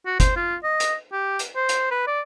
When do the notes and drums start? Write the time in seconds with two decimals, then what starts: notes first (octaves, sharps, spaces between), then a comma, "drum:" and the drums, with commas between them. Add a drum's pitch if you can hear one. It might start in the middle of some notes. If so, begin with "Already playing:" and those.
0.06 F#4
0.20 C5, drum: kick, hi-hat
0.36 F4
0.64 D#5
0.80 drum: hi-hat
1.13 G4
1.39 drum: hi-hat
1.56 C5
1.69 drum: hi-hat
1.91 B4
2.07 D5